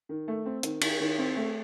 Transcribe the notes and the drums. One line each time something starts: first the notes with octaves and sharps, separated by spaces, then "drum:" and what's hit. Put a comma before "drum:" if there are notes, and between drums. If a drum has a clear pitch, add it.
D#3
A3
C4
D#3, drum: hi-hat
D#3, drum: cymbal
D#3
C4
A3